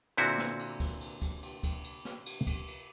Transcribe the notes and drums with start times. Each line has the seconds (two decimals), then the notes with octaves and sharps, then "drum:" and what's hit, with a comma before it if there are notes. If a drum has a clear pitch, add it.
0.17 A#2 D3 C4 E4 F#4
0.38 drum: snare
0.59 drum: cymbal
0.80 drum: kick C#2, cymbal
1.01 drum: cymbal
1.22 drum: kick C#2, cymbal
1.43 drum: cymbal
1.63 drum: kick C#2, cymbal
1.84 drum: cymbal
2.05 drum: snare
2.26 drum: cymbal
2.47 drum: kick C#2, cymbal
2.68 drum: cymbal